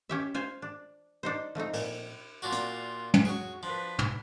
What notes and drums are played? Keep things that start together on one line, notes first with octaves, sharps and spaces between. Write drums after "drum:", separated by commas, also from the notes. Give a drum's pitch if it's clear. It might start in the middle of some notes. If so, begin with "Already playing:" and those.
C#4 G4 E5
F4 C5 G#5
D4
D4 D#4 C5
F3 A3 C4 D#4
A#2, drum: cymbal
A#2 D4 F4 F#4
drum: hi-hat
drum: tom
F#4 G#4 C#5
F3 D4 B4
drum: tom